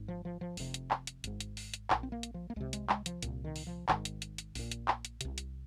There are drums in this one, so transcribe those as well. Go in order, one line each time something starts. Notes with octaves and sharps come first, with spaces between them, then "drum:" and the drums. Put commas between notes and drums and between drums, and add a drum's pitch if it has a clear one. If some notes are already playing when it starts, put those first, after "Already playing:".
Already playing: G#1 G#2
F3
F3
F3
F1 F2 C3, drum: open hi-hat
drum: hi-hat
drum: clap
drum: hi-hat
G#1 G#2, drum: hi-hat
drum: hi-hat
drum: open hi-hat
drum: hi-hat
A#1 A#2, drum: clap
C4
A#3
drum: hi-hat
F3
A#3
C2 C3 G#3
G#3, drum: hi-hat
G#3, drum: clap
F3, drum: hi-hat
C2 A#2, drum: hi-hat
D#3
drum: open hi-hat
F3
G#1 G#2 D#3, drum: clap
drum: hi-hat
drum: hi-hat
drum: hi-hat
A#1 A#2, drum: open hi-hat
drum: hi-hat
drum: clap
drum: hi-hat
C2 C3, drum: hi-hat
drum: hi-hat